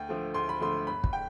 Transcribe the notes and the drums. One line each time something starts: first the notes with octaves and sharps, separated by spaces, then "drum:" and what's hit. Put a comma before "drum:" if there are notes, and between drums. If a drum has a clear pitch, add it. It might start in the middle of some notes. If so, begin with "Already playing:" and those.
Already playing: D2 G5
D3 F3 A3
D2 C6
B5
D3 F3 A3 C6
G1 B5
drum: kick
G5